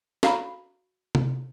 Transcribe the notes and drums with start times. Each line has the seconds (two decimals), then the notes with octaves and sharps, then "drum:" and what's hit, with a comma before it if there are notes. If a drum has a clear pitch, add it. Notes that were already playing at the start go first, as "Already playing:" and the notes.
0.23 F#4 F5 A#5 B5, drum: snare
1.15 drum: tom C3